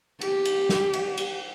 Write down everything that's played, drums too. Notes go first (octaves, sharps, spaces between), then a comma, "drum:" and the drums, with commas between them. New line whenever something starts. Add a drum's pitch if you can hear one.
G4, drum: cymbal
drum: cymbal
drum: snare
drum: cymbal
drum: cymbal